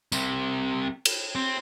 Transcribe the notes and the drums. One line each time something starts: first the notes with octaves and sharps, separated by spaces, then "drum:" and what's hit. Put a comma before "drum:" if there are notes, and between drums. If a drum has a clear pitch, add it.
C2 C3, drum: tambourine
drum: cymbal
C4